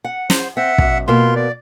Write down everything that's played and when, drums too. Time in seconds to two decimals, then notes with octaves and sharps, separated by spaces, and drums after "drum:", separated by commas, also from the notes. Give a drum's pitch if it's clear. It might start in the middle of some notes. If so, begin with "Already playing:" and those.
0.04 F#5
0.30 C5, drum: snare
0.57 C4 E5 F#5
0.78 F#2 B2, drum: kick
1.08 B2 A#3 F4 C6
1.36 D5